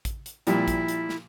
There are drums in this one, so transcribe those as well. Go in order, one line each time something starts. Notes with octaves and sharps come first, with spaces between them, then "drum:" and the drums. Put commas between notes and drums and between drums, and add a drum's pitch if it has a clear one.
drum: kick, hi-hat
drum: hi-hat
A#2 F3 G3 E4, drum: hi-hat
drum: kick, hi-hat
drum: hi-hat
drum: snare